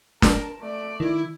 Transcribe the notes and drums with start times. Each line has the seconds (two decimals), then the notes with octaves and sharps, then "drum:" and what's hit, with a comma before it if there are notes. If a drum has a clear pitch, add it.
0.22 A#4 A5, drum: snare
0.60 A3 D5
1.00 D#3 E4